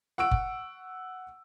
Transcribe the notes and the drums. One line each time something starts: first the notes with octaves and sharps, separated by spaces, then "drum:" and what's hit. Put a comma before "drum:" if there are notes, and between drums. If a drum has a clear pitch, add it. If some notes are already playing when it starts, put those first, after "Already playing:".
F#5 C#6 E6 D7
drum: kick F#1